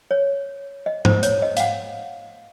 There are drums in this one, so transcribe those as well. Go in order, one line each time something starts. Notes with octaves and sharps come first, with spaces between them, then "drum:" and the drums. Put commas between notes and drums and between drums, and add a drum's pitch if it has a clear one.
C#5
D#5
C5, drum: tom G#2
C#5, drum: hi-hat
D#5
F5, drum: hi-hat
F#5